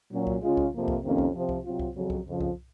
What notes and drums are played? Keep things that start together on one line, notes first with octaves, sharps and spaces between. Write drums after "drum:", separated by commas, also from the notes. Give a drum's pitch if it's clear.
A#2 F#3 C#4
drum: kick C2
C#3 G#3 C#4 F4
drum: kick C2
F2 C3 F3 A#3
drum: kick C2
F2 C3 D#3 A#3 C#4
drum: kick C2
C3 F3 C4
drum: kick C2
C3 F#3 C4 F4
drum: kick C2
F2 C#3 F#3
drum: kick C2
F2 C#3 F3
drum: kick C2